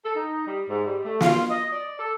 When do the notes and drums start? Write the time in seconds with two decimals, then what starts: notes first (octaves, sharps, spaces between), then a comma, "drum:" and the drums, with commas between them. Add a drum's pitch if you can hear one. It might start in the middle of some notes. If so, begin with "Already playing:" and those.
0.04 A4
0.15 D#4
0.46 G3
0.68 G#2
0.85 G3
1.04 A3
1.21 F4, drum: snare
1.50 D#5
1.72 D5
1.99 A4